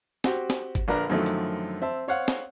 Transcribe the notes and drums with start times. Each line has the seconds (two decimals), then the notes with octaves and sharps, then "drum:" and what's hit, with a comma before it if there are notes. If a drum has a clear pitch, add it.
0.24 C4 F#4 G4, drum: snare
0.50 drum: snare
0.75 drum: kick G1, hi-hat
0.88 A#1 D3 D4 A#4 B4 A#5
1.10 F#2 D3 D#3 F3 F#3 A3
1.26 drum: hi-hat
1.82 C4 E5 A5
2.08 C4 C#5 F5 F#5
2.28 drum: snare